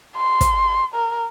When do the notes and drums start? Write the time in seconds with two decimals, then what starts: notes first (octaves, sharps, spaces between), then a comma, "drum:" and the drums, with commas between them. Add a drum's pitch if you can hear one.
0.16 C6
0.41 drum: kick, hi-hat
0.94 A#4